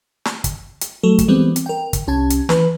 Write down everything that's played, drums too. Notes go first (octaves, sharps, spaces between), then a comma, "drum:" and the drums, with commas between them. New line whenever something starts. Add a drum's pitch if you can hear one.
drum: snare
drum: kick, hi-hat
drum: hi-hat
F#3 A3 A4
drum: kick, hi-hat
E3 G3 G#3 B3 C4
drum: hi-hat
A#4 G5
drum: kick, hi-hat
C2 C#4 A5 G#6
drum: hi-hat
E3 B4, drum: snare